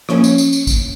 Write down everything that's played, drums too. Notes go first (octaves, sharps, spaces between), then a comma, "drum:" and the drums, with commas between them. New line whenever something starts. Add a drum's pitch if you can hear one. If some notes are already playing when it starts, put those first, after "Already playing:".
F3 A#3 C#4 C#5, drum: rim click
drum: tambourine
drum: tambourine
drum: tambourine
drum: kick, tambourine